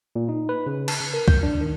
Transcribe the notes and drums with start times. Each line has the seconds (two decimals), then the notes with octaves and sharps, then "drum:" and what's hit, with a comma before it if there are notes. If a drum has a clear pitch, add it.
0.15 A#2
0.29 D#4
0.49 B4
0.66 C#3
0.88 A5, drum: cymbal
1.00 C#3
1.14 A#4
1.28 G6, drum: kick B1
1.43 D4
1.61 D#3